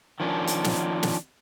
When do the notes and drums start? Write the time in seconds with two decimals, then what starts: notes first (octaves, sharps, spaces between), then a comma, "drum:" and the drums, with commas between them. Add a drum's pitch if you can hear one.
0.20 D#3 F3 C#4 D4
0.47 drum: hi-hat
0.64 drum: snare
1.03 drum: snare